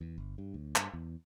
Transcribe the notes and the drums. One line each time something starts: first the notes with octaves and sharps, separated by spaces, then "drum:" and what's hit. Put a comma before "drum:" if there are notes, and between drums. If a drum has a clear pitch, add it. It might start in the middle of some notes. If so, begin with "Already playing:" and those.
E2
G1
G2
D2
G2, drum: clap
E2